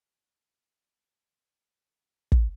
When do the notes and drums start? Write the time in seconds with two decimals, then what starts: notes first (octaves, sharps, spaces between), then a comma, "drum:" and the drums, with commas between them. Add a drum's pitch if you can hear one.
0.25 A3 C#4 G4 B4
2.32 drum: kick